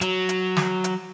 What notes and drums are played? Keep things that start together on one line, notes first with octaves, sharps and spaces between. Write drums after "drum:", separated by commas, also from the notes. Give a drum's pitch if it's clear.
F#3, drum: hi-hat
drum: hi-hat
drum: snare
drum: hi-hat